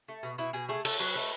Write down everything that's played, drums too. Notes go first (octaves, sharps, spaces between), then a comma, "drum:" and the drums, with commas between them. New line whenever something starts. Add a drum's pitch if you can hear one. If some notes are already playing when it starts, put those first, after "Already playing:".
A3
B2
B2 E4
B2 G#4
A3 G#4
A3 A4, drum: cymbal
F#3 B4
A3